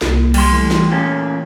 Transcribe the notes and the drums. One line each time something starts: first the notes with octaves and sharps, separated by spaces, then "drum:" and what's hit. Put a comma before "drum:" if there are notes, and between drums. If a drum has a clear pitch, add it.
C2 A#3, drum: snare
G3 C6, drum: cymbal
E3 A3
drum: snare
A#2 A#3 C#4